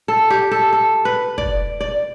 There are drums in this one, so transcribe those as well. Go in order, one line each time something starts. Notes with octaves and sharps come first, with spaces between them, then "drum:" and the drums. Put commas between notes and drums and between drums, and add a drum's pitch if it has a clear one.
A4
G4
A4
A4
B4
D5, drum: kick
D5